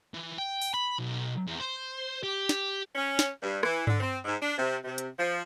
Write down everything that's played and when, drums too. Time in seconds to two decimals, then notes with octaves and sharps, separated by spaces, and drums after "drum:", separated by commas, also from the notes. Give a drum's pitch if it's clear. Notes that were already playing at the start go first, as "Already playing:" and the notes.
0.14 E3
0.38 G5
0.62 drum: open hi-hat
0.74 B5
0.99 B1
1.47 E2
1.59 C5
2.23 G4
2.49 drum: snare
2.95 C#4
3.19 drum: snare
3.43 G2
3.63 E3, drum: rim click
3.87 D3, drum: tom G2
4.00 C4
4.25 G#2
4.41 D4
4.57 C3
4.84 C3
4.98 drum: hi-hat
5.18 F3